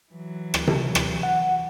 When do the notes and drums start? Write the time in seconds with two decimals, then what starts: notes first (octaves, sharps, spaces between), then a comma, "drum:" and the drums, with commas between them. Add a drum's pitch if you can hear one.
0.12 E3 F#3
0.54 drum: rim click
0.68 drum: tom C3
0.95 drum: rim click
1.23 F#5